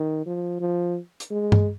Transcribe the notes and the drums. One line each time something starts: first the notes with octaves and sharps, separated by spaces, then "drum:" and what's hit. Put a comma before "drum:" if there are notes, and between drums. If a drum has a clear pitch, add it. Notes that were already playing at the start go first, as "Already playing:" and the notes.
Already playing: D#3
F3
F3
drum: hi-hat
G#3
drum: tom G2